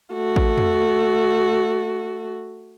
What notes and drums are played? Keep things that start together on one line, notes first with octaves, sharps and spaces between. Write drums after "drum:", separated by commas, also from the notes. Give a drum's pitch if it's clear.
A3 F#4
drum: kick A1
drum: tom